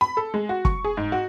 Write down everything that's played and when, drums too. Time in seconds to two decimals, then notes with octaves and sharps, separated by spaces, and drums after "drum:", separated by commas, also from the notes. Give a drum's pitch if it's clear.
0.01 B5
0.17 A4
0.34 G#3
0.49 F#4
0.65 C#6, drum: kick
0.84 G#4
0.97 G#2
1.12 F#4